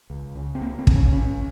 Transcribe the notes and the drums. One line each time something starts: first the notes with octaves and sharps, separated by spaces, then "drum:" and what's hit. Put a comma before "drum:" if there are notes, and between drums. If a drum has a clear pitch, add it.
C#2
C#3
C4
C#2 A#3
C4
C#3, drum: kick
C#4
C#2 C#4